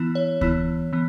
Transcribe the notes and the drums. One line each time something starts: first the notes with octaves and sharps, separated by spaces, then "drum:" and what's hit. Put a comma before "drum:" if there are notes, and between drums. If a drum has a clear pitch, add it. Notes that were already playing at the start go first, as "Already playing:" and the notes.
Already playing: E3 B3 E4
C#5
E3 B3 E4, drum: kick D2
E3 B3